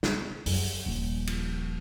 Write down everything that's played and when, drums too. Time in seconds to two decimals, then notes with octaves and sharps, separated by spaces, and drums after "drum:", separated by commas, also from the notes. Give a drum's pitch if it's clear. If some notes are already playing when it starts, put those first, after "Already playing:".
0.03 B2, drum: snare
0.46 F#2, drum: open hi-hat
0.86 D#1 F3
1.27 drum: cymbal